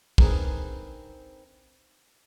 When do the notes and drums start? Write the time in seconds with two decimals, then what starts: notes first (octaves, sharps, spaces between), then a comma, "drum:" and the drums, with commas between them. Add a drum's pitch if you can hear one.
0.18 C4 D4 D#4 G#4 A#4 B4, drum: kick